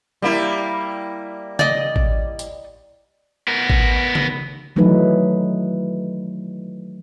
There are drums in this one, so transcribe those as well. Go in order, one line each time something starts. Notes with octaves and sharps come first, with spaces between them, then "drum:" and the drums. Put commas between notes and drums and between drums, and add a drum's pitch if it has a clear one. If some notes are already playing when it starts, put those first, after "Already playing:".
G3 A#3 E4
D5 D#5, drum: tom C#3
drum: kick A1
drum: hi-hat
B3 A#4
drum: kick A1
drum: tom C#3
D#3 E3 F#3 A3 D#4 B4